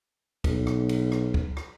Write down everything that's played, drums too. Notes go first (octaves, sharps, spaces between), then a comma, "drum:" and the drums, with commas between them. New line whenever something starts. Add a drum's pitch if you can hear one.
B1, drum: kick, cymbal
drum: rim click
drum: cymbal
drum: rim click
drum: kick
drum: rim click